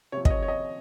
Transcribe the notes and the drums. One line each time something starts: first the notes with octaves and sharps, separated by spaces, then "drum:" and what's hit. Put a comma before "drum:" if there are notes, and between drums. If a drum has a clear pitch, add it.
C3 F3 C#5
D#5, drum: kick
C#5
C#5
D#5